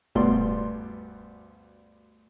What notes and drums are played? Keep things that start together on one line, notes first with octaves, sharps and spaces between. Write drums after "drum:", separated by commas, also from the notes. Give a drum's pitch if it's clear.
D2 G2 B2 D5 C6, drum: kick E1